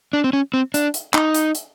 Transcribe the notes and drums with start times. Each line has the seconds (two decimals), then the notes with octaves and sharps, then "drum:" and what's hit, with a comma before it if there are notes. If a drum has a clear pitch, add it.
0.13 D4
0.24 C4
0.33 C#4
0.54 C4
0.74 D4, drum: hi-hat
0.94 drum: hi-hat
1.14 D#4, drum: clap
1.34 drum: hi-hat
1.55 drum: hi-hat